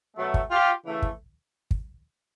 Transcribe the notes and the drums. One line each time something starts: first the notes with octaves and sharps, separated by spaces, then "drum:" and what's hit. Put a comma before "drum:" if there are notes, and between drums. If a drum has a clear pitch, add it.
B2 F#3 A3
drum: kick
F4 G4
C#3 E3 A3
drum: kick
drum: kick